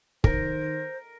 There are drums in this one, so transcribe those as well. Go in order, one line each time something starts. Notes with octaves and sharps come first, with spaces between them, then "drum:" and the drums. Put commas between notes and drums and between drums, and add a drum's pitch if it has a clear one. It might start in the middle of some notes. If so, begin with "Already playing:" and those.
D#3 A#4 C5, drum: kick